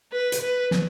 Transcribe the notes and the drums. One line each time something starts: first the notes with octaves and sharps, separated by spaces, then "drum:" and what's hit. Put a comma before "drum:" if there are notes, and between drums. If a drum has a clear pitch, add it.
B4
drum: hi-hat
B4
drum: snare